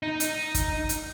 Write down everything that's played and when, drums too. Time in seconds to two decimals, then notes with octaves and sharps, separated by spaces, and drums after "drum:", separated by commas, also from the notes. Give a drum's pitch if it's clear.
0.03 D#4
0.20 drum: hi-hat
0.54 drum: kick, hi-hat
0.89 drum: hi-hat